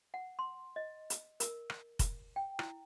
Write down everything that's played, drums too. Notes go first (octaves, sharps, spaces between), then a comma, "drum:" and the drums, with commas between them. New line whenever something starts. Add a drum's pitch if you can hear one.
F#5
C6
D#5
drum: hi-hat
A#4, drum: hi-hat
drum: rim click
drum: kick F1, hi-hat
G5
E4, drum: rim click